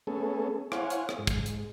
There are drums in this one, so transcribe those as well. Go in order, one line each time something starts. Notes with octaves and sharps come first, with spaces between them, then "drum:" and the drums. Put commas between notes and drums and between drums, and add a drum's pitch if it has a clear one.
A3 B3 C#4 G#4 A4
E4 C5 C#5 F5 F#5 G#5, drum: rim click
drum: hi-hat
drum: rim click
G#2
drum: kick, hi-hat
drum: hi-hat